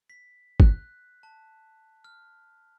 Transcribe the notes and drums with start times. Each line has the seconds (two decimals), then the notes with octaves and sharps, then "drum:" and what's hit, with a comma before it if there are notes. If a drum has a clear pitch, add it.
0.10 B6
0.60 F#6, drum: kick
1.23 A5
2.04 F6